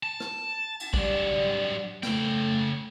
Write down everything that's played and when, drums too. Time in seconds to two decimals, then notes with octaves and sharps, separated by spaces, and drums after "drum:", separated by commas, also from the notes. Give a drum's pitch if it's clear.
0.03 A5
0.20 drum: rim click
0.80 drum: cymbal
0.94 F#3 G3 D4, drum: kick A#1
2.03 C#3 A3 G5, drum: snare